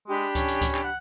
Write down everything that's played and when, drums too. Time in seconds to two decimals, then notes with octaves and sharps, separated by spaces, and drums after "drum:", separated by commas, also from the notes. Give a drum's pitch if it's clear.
0.08 G#3 D4 G4 B5
0.35 C#4, drum: kick C#2, hi-hat
0.48 drum: hi-hat
0.61 drum: kick C#2, hi-hat
0.75 drum: clap
0.84 F#5